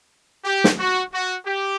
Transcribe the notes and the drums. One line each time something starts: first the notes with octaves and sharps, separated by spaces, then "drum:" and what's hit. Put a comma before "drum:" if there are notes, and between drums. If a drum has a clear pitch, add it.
G4
drum: snare
F#4
F#4
G4